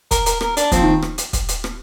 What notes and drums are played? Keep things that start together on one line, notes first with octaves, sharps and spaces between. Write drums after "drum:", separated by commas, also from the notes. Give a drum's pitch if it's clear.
A#4, drum: kick, hi-hat
A#4, drum: hi-hat
A#4, drum: rim click
D4, drum: hi-hat
F3 C4, drum: kick, hi-hat
D#3
drum: rim click
drum: hi-hat
drum: kick, hi-hat
drum: hi-hat
drum: rim click